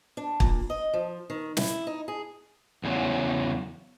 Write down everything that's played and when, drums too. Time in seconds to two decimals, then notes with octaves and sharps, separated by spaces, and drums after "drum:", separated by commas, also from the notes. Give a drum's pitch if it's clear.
0.17 D4
0.40 A#2, drum: kick
0.70 D#5
0.93 F3
1.30 D#3
1.57 E4, drum: snare
1.87 D#4
2.08 G#4
2.84 E2 C#3 F#3